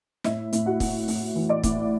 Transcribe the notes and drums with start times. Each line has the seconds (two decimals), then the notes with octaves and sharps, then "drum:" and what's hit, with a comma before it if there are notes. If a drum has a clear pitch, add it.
0.24 A2 E5, drum: snare
0.53 A2, drum: hi-hat
0.66 F#4 F#5
0.80 A2, drum: kick, open hi-hat
1.08 A2, drum: open hi-hat
1.35 E3
1.49 D5 D6
1.63 A2, drum: kick, hi-hat